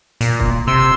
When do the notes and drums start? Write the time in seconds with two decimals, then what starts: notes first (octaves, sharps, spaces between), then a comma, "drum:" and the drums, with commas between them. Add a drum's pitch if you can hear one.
0.21 A#2, drum: hi-hat
0.40 drum: kick
0.67 C3 C6 E6